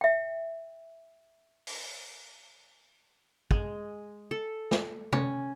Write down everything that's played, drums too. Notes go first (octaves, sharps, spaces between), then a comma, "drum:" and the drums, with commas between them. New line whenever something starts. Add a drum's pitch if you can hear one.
E5 G5
drum: open hi-hat
G#3, drum: kick
A4
drum: snare
C#4, drum: tom